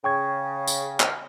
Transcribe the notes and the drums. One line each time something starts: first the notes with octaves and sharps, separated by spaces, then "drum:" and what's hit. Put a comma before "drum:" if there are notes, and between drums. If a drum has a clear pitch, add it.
C#3 G5 C#6 G#6
drum: tambourine
drum: clap